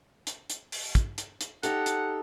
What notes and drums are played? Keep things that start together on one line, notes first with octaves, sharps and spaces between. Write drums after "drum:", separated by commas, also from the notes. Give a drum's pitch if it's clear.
drum: hi-hat
drum: hi-hat
drum: open hi-hat
drum: kick, hi-hat
drum: hi-hat
drum: hi-hat
D#4 G4 A4 F#5, drum: hi-hat
drum: hi-hat